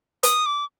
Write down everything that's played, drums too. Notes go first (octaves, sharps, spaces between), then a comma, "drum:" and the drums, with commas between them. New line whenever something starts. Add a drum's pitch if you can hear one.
D#6, drum: hi-hat
D6